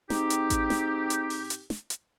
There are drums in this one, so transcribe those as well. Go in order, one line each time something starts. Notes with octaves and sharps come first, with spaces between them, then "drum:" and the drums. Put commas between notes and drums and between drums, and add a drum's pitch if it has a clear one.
G#2 C4 D#4 G4, drum: snare
drum: hi-hat
drum: kick A1, hi-hat
drum: snare
drum: hi-hat
drum: open hi-hat
drum: hi-hat
drum: snare
drum: hi-hat